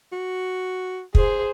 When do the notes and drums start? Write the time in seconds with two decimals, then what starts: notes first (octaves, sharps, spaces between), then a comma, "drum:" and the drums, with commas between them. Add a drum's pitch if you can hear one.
0.12 F#4
1.15 G#4 C5, drum: kick